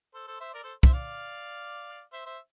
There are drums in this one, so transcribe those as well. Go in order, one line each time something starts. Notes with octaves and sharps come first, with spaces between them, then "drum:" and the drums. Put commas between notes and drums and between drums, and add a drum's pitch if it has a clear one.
A4 C5
A4 C5
C5 E5
A#4 D5
A4 C5
C5 E5, drum: kick
D5 F5
C5 E5
C5 E5